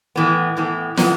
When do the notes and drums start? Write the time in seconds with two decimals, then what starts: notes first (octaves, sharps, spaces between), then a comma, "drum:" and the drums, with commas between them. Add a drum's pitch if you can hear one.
0.16 A2 E3 B3
0.57 A2 E3 B3
0.97 A2 E3 B3, drum: snare